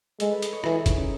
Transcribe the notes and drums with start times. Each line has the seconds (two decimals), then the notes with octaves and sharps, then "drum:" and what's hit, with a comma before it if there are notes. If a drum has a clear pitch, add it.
0.20 G#3 A4, drum: hi-hat
0.31 B4
0.42 D#5, drum: hi-hat
0.53 C#5
0.64 E3 A4, drum: rim click
0.75 G#4
0.86 D#4, drum: kick, hi-hat
0.97 C#4